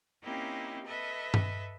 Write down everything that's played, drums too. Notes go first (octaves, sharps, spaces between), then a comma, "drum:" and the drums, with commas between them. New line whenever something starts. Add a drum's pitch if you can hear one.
A#3 C4 C#4 D#4 E4 G4
A4 B4 D#5 E5
drum: tom G2